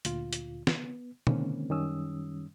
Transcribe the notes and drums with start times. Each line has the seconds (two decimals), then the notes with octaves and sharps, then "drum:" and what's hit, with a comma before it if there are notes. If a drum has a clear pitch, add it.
0.05 D2 A#2 F4, drum: hi-hat
0.33 drum: hi-hat
0.67 B3, drum: snare
1.27 D3 D#3 G#3 A#3 C4 C#4, drum: tom B2
1.70 F#2 D#3 G3 C#4 D#6 E6